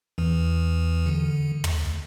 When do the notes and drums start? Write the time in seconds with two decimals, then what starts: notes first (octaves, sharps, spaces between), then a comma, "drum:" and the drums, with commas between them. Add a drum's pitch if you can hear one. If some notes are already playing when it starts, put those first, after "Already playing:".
0.18 E2 E3
1.06 D3
1.64 drum: tom